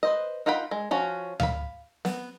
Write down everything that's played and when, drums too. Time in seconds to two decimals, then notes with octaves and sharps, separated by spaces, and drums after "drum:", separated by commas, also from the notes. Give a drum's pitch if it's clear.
0.03 B4 C5 D#5
0.46 D#4 F4 F#5 G5 B5
0.71 G#3
0.91 F3 C#4 F#4
1.40 F5 B5, drum: tom D2
2.05 B3, drum: snare